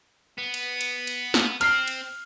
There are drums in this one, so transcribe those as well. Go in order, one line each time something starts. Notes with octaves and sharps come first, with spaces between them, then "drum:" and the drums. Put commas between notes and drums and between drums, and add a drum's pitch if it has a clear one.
B3
drum: cymbal
drum: cymbal
drum: cymbal
drum: snare
C4 F6 C7, drum: cymbal
drum: cymbal